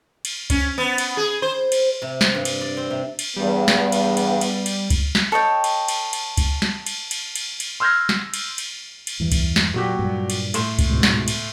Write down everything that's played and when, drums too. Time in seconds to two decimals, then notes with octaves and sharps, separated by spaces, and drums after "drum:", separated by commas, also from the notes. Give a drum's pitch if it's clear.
0.25 drum: cymbal
0.50 C#4, drum: kick C#2, cymbal
0.78 B3
0.98 drum: cymbal
1.17 G#4
1.42 C5
1.72 drum: cymbal
2.02 C3
2.21 drum: snare
2.35 G2
2.45 drum: cymbal
2.61 D5
2.77 C4
2.90 C3
3.19 drum: cymbal
3.36 E2 G2 G3 B3
3.68 drum: snare
3.92 drum: cymbal
4.17 drum: cymbal
4.41 drum: cymbal
4.66 drum: cymbal
4.90 drum: kick C#2, cymbal
5.15 drum: snare
5.32 A4 C#5 D#5 G5
5.64 drum: cymbal
5.88 drum: cymbal
6.13 drum: cymbal
6.37 drum: kick C#2, cymbal
6.62 drum: snare
6.87 drum: cymbal
7.11 drum: cymbal
7.36 drum: cymbal
7.60 drum: cymbal
7.80 C6 E6 F6 G6 G#6 A#6
8.09 drum: snare
8.34 drum: cymbal
8.58 drum: cymbal
9.07 drum: cymbal
9.20 E2 G2 E3
9.32 drum: kick C#2, cymbal
9.56 drum: snare
9.74 A#2 F#3 F#4 G4
9.99 G2 A#2
10.30 drum: cymbal
10.54 A2 C6 E7, drum: cymbal
10.79 drum: kick C#2, cymbal
10.89 C#2 G#2 B2
11.03 drum: snare
11.28 drum: cymbal